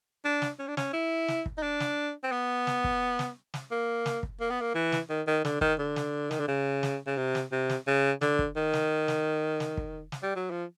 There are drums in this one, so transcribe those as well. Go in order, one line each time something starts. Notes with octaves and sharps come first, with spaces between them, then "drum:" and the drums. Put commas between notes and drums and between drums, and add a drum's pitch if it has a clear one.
D4
drum: snare
C#4
D4
C#4, drum: snare
E4
drum: snare
drum: kick
D#4
D4
drum: snare
C4
B3
drum: snare
drum: kick
drum: snare
drum: snare
A#3
drum: snare
drum: kick
A#3
B3
A#3
E3
drum: snare
D#3
D#3
D3, drum: snare
D#3, drum: kick
D3
drum: snare
D#3, drum: snare
D3
C#3
drum: snare
C#3
C3
drum: snare
C3
drum: snare
C#3
D3, drum: snare
drum: kick
D#3
drum: snare
drum: snare
drum: snare
drum: kick
drum: snare
G3
F#3
F3